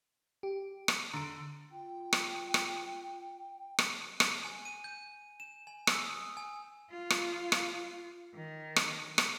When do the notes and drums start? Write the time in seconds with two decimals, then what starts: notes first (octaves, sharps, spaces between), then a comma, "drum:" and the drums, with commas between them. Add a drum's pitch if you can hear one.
0.43 G4
0.88 drum: rim click
1.13 D3 A#5 C6 D7
1.71 F4 G5
2.13 drum: rim click
2.54 drum: rim click
3.79 drum: rim click
4.20 drum: rim click
4.45 G#5
4.65 D#7
4.84 G6
5.40 E7
5.67 G#5
5.87 E6, drum: rim click
6.06 D#6
6.37 G#5
6.91 F4
7.10 drum: rim click
7.52 drum: rim click
8.35 D#3
8.76 drum: rim click
9.18 drum: rim click